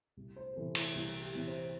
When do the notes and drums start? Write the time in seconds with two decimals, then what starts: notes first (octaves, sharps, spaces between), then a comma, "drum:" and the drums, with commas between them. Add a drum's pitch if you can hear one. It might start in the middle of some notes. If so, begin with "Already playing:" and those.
0.17 C2
0.36 C5
0.56 C3 E3 C4 A4
0.75 E4, drum: cymbal
0.95 C2 E4
1.21 G4
1.34 C3 E3 C4
1.47 C5